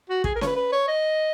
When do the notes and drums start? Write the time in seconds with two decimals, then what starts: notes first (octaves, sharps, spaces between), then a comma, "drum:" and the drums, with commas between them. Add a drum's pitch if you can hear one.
0.09 F#4
0.24 G#4, drum: kick
0.35 A#4
0.41 C#5, drum: snare C#4
0.46 B4
0.56 B4
0.72 C#5
0.88 D#5